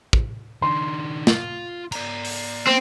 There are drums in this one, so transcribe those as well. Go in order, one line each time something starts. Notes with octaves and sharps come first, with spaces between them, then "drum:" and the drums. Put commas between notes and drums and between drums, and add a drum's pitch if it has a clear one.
drum: kick
D#3 D4 C6
F4, drum: snare
D5 A#5, drum: cymbal
drum: open hi-hat
A#3 C4